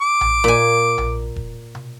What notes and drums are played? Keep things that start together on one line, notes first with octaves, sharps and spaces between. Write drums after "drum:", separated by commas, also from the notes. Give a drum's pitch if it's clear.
D6
drum: tom A#1
A#2 G#5
drum: tom A#1
drum: kick E1
drum: tom B2